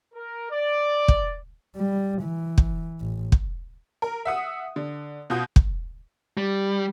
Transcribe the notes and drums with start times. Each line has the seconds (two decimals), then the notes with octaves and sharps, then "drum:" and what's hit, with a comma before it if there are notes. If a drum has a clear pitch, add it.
0.15 A#4
0.51 D5
1.08 drum: kick
1.76 G3
2.22 E3
2.58 drum: kick
3.00 A1
3.32 drum: kick
4.02 A#4
4.25 E5 F#5 D#6
4.76 D3
5.30 B2 F4 F#4 D#6 G6
5.56 drum: kick
6.37 G3